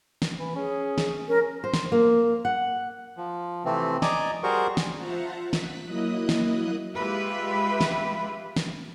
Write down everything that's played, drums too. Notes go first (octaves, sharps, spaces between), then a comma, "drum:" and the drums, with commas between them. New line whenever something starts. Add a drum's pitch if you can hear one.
drum: snare
E3
C#4 G#4
drum: snare
C#4 A#4
C5
drum: snare
A#3
F#5
F3
C3 E3 A3 C4
D5 D#5 G#5 A#5 D6, drum: snare
G3 F#4 G#4 A#4 C5 C#6
drum: snare
F4 C5 E5 F#5 A5 A#5
F#6 B6, drum: snare
F#3 A#3 E4 D#5 D#6 F#6
drum: snare
G#3 F4 G4 B4 E5
drum: snare
drum: snare